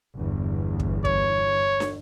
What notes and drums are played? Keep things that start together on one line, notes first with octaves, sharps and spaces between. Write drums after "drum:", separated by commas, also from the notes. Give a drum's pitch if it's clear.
G1 E2
drum: kick
C#5, drum: kick
drum: snare